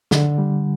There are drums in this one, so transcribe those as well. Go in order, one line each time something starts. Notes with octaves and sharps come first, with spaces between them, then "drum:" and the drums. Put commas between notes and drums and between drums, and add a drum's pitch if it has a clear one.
D3, drum: snare
G3